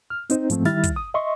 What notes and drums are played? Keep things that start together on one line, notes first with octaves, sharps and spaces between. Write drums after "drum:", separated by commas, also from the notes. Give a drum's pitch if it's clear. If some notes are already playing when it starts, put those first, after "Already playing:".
F6
C4 D#4 C5, drum: hi-hat
G#2 F3 A3 C4, drum: hi-hat
D#3 G3 E4 E5 F6 A6, drum: snare
drum: kick, hi-hat
D#6
D#5 E5 C6 C#6